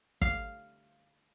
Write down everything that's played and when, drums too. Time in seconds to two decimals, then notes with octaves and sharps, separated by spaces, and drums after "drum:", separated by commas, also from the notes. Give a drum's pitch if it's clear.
0.22 F5, drum: kick